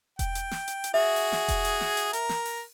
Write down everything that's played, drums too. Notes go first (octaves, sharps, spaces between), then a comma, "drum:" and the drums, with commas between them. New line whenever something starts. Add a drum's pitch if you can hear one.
G5, drum: kick E1, hi-hat
drum: hi-hat
drum: snare
drum: hi-hat
drum: hi-hat
F#4 G#4 E5
drum: open hi-hat
drum: snare
drum: kick E1, hi-hat
drum: hi-hat
drum: snare
drum: hi-hat
A#4, drum: hi-hat
drum: snare
drum: open hi-hat